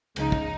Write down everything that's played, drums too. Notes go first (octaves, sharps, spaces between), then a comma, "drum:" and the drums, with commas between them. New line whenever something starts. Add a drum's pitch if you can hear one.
C#2 C#3 F3 G#3 D#4, drum: cymbal
drum: kick